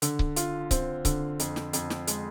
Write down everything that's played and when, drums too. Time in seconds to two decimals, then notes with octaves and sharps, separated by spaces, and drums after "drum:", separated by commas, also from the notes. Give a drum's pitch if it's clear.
0.02 D3, drum: hi-hat
0.19 drum: kick C#1
0.36 F4, drum: hi-hat
0.71 C4, drum: kick C#1, hi-hat
1.05 D3, drum: kick C#1, hi-hat
1.39 F2, drum: hi-hat
1.56 drum: snare
1.73 F2, drum: hi-hat
1.90 drum: snare
2.07 G#3, drum: hi-hat